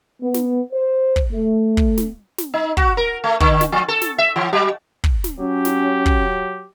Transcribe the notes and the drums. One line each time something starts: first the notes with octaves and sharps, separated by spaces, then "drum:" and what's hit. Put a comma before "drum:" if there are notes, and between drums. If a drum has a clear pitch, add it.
B3
drum: snare
C5
drum: kick
A3
drum: kick
drum: snare
drum: snare
D#4
F#4, drum: kick
A#4
A3
D3, drum: kick
drum: snare
F3
A4
drum: snare
E5
E3
F#3
drum: kick
drum: snare
F#3 C#4 G4
drum: snare
drum: kick